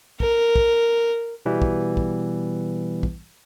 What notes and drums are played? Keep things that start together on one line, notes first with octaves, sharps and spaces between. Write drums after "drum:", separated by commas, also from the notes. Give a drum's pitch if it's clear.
A#4, drum: kick
drum: kick
B2 E3 G3 B3
drum: kick
drum: kick
drum: kick